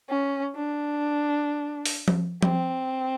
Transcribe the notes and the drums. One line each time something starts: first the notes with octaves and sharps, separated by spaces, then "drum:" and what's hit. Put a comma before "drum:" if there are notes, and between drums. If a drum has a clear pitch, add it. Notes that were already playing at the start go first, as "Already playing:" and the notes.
C#4
D4
drum: open hi-hat
drum: tom F3
C4, drum: tom F3